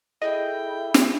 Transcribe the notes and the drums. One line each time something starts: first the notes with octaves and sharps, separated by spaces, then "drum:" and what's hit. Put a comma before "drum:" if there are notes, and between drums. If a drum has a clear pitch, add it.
E4 G#4 A4 D#5 G5
drum: snare